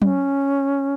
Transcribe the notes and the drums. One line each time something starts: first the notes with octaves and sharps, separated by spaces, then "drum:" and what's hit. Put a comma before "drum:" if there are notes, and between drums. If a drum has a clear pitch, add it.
C#4, drum: tom F#3